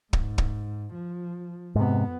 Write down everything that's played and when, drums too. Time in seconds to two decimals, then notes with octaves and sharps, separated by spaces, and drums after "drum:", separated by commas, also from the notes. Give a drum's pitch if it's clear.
0.13 G#2, drum: kick
0.38 drum: kick
0.93 F3
1.75 F2 G#2 C3 B3